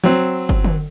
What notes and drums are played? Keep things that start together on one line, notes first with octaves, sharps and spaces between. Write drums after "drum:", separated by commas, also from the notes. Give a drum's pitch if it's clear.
F#3 C4
drum: kick F#1
drum: tom D3